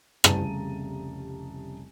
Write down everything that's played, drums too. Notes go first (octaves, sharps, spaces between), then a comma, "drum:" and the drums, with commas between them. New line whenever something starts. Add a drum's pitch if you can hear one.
F1 C2 C#3 A5 A#5 D#7, drum: rim click